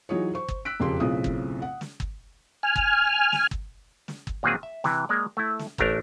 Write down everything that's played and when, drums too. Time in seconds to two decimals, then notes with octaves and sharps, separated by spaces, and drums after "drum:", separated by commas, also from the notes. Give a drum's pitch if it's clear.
0.09 E3 F#3 D#4 F4 G#4 C#5
0.33 C5 C#6
0.48 drum: kick
0.65 E6 F#6 B6 D7
0.80 E1 F2 C#3 G4 C6
1.00 B1 A2 C#3 C4 F4 D#6
1.24 drum: kick
1.62 F#5
1.81 drum: snare
2.00 drum: kick
2.63 G#5 F6
2.76 drum: kick
3.32 drum: snare
3.51 drum: kick
4.08 drum: snare
4.27 drum: kick
4.43 A#2 D#3 F#3 A#3 C4 G#4
4.63 E5
4.84 C3 E3, drum: snare
5.09 G#3 A#3 D5
5.37 A3 E4
5.59 drum: snare
5.78 A1 A3 D4 A#4 A#5, drum: kick